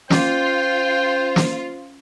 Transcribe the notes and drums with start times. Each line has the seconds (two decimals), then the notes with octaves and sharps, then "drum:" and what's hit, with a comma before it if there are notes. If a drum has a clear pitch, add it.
0.10 C#4 F4 C5 G5, drum: snare
1.36 drum: snare